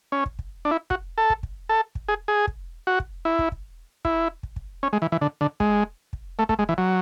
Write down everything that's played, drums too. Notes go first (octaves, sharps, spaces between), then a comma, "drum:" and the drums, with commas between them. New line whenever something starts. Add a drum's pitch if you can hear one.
C#4
drum: kick
drum: kick
D4
E4
F#4, drum: kick
A4
drum: kick
drum: kick
A4
drum: kick
G#4
G#4
drum: kick
F#4
drum: kick
E4
drum: kick
drum: kick
E4, drum: kick
drum: kick
drum: kick
C#4
G#3
E3
E3
D3
D3
G#3, drum: kick
drum: kick
A3
A3, drum: kick
G#3
E3
F#3